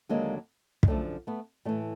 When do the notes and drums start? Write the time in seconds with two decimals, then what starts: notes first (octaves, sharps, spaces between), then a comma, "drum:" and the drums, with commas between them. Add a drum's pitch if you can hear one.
0.09 D#2 D3 F#3 G#3 A#3
0.83 G#3, drum: kick
0.88 F#2 D3 F3 G3 A3
1.27 A3 B3
1.65 A2 E3 G3 A3